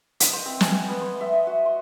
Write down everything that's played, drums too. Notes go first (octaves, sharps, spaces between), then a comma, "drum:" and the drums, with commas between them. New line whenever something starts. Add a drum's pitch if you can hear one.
D#5, drum: hi-hat
C5
C4
G#5, drum: snare
F#5
B3
C6
E5
D#5
F#4
C6